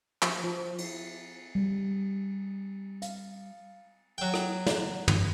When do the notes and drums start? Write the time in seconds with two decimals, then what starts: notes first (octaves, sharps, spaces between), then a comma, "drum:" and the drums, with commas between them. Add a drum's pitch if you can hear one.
0.22 F3, drum: clap
0.44 F3
0.78 drum: cymbal
1.55 G3
3.02 F5, drum: hi-hat
4.18 F#3 G5
4.34 drum: rim click
4.66 drum: snare
5.08 drum: tom